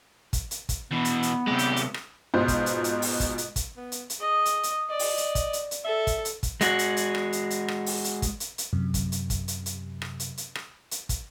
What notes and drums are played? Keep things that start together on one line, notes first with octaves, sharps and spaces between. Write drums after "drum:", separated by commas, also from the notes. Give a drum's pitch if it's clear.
drum: kick, hi-hat
drum: hi-hat
drum: kick, hi-hat
B2 E3 B3
drum: hi-hat
drum: hi-hat
C3 G#3 G4
drum: hi-hat
drum: hi-hat
drum: rim click
G#2 B2 F4 C5
drum: kick, hi-hat
drum: hi-hat
drum: hi-hat
drum: open hi-hat
drum: kick, hi-hat
drum: hi-hat
drum: kick, hi-hat
B3
drum: hi-hat
drum: hi-hat
G#4 D#5
drum: hi-hat
drum: hi-hat
D5 D#5
drum: open hi-hat
drum: hi-hat
drum: kick, hi-hat
drum: hi-hat
drum: hi-hat
A4 E5
drum: kick, hi-hat
drum: hi-hat
drum: kick, hi-hat
G#3 F#4, drum: hi-hat
drum: hi-hat
drum: hi-hat
drum: rim click
drum: hi-hat
drum: hi-hat
drum: rim click
drum: open hi-hat
drum: hi-hat
drum: kick, hi-hat
drum: hi-hat
drum: hi-hat
F#2 C3
drum: kick, hi-hat
drum: hi-hat
drum: kick, hi-hat
drum: hi-hat
drum: hi-hat
drum: rim click
drum: hi-hat
drum: hi-hat
drum: rim click
drum: hi-hat
drum: kick, hi-hat